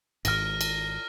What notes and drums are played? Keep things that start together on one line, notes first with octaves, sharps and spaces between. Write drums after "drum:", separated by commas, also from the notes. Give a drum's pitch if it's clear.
G#1 G#2 F6 A#6, drum: cymbal
drum: cymbal